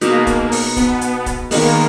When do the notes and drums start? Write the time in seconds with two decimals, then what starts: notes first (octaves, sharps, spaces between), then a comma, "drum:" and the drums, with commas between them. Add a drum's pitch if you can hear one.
0.01 B2 G#3 A#3 D#4, drum: hi-hat
0.27 drum: kick C#1, hi-hat
0.52 drum: open hi-hat
0.77 B3, drum: kick C#1, hi-hat
1.01 drum: hi-hat
1.26 drum: kick C#1, hi-hat
1.51 D#3 G#3 A#3 B3, drum: open hi-hat